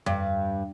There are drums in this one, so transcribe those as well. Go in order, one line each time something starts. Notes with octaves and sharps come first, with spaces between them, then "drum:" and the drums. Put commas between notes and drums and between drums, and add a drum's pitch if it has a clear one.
G2, drum: tom F2